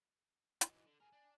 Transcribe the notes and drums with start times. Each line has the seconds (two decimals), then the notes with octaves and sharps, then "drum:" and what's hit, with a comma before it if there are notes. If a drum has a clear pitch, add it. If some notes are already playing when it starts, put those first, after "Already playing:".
0.61 E3 F#3 D#5, drum: hi-hat
0.86 D3
1.01 G#4 A#4 G#5
1.13 D4